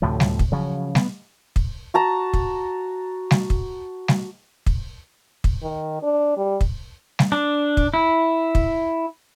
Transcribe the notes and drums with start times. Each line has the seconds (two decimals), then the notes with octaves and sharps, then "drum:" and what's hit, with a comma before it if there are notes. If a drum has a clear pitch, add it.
0.02 D2 A2 C3 F3
0.20 drum: snare G3
0.39 drum: kick
0.52 C#3 F3 F#3
0.95 B3, drum: snare G3
1.56 drum: kick
1.94 F#4 A5 A#5
2.34 drum: kick
3.31 drum: snare G3
3.50 drum: kick
4.08 drum: snare G3
4.66 drum: kick
5.44 drum: kick
5.62 D#3
6.02 D4
6.37 G3
6.61 drum: kick
7.19 drum: snare G3
7.32 D4
7.77 drum: kick
7.94 E4
8.55 drum: kick